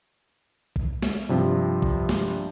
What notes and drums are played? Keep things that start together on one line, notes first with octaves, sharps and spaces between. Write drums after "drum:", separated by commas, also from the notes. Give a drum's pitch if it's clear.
drum: kick
drum: snare A3
G2 C3 F3
drum: kick
drum: snare A3